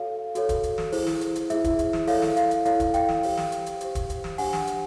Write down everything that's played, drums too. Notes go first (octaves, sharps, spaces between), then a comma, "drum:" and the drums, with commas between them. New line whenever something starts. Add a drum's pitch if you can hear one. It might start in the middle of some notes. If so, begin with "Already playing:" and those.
Already playing: F#4 A4 C#5 F5
F#4 A4 C#5, drum: hi-hat
drum: kick, hi-hat
drum: hi-hat
drum: snare
E4 G#4 C5, drum: open hi-hat
drum: snare
drum: hi-hat
drum: hi-hat
E4 G#4 C5 E5, drum: hi-hat
drum: kick, hi-hat
drum: hi-hat
drum: snare
E4 A4 C#5 F5, drum: open hi-hat
drum: snare
F5, drum: hi-hat
drum: hi-hat
E4 A4 C#5 F5, drum: hi-hat
drum: kick, hi-hat
F5 G5, drum: hi-hat
drum: snare
G4 C5, drum: open hi-hat
drum: snare
drum: hi-hat
drum: hi-hat
G4 C5, drum: hi-hat
drum: kick, hi-hat
drum: hi-hat
drum: snare
D4 G4 C5 F#5 G#5, drum: open hi-hat
drum: snare
drum: hi-hat